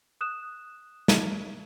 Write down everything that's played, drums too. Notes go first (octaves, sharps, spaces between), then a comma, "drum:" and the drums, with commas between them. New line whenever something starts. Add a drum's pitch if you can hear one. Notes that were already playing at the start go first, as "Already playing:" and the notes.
D#6 F#6 E7
drum: snare